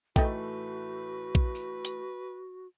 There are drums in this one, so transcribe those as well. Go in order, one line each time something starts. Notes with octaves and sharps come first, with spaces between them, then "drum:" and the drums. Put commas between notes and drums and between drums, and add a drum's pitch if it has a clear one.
A2 E3 A3 D#4 F#4 A4 B4 G5, drum: kick A#1
drum: kick A#1
drum: tambourine
drum: hi-hat